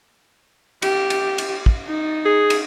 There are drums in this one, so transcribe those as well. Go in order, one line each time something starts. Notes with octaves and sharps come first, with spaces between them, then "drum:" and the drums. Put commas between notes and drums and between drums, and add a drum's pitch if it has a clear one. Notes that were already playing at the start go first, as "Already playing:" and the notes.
G4, drum: cymbal
drum: cymbal
drum: cymbal
drum: kick
D#4
G#4
drum: cymbal